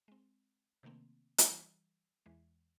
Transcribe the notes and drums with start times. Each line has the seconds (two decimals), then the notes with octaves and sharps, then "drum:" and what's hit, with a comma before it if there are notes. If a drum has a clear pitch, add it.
0.08 G#3 C4
0.83 C3 D#3 A3 A#3 C4
1.38 drum: hi-hat
1.48 E3 G3
2.26 E2 E3 G#3